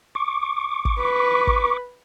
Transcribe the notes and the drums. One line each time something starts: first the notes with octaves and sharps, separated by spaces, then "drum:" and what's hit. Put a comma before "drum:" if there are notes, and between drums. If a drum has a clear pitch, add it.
C#6 D6
drum: kick
B4
drum: kick